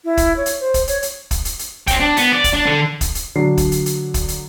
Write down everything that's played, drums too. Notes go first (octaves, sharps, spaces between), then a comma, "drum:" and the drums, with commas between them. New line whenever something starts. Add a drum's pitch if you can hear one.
E4
drum: kick, hi-hat
C#5
drum: hi-hat
C5
drum: kick, hi-hat
C#5, drum: hi-hat
drum: hi-hat
drum: kick, hi-hat
drum: hi-hat
drum: hi-hat
C#4 G5, drum: kick, hi-hat
D4
B3, drum: hi-hat
D5
drum: kick, hi-hat
D4
D3
drum: kick, hi-hat
drum: hi-hat
D3 F#3 D4 C7
drum: kick, hi-hat
drum: hi-hat
drum: hi-hat
drum: kick, hi-hat
drum: hi-hat